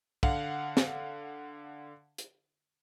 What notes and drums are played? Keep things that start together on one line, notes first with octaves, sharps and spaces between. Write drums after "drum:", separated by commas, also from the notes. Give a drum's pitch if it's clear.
D3 F5 F#5, drum: kick
drum: snare
drum: hi-hat